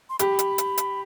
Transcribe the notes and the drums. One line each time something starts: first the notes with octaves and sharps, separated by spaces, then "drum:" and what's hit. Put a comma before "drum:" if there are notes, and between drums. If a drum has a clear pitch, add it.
C6
G4 B5, drum: hi-hat
drum: hi-hat
drum: hi-hat
drum: hi-hat